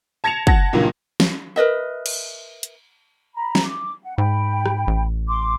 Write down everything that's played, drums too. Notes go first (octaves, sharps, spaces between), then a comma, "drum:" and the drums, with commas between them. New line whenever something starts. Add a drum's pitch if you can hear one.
A5 G#6 A#6 C#7 E7 F7
F#5 A5 G#6 A#6, drum: kick
C#2 G2 A#2 E3 F#3 A#3
drum: snare
A#4 B4 D#5 E5
drum: cymbal
drum: hi-hat
A#5 B5
drum: snare
D6
F#5
G#2 G5 B5
drum: rim click
A1
C6 D6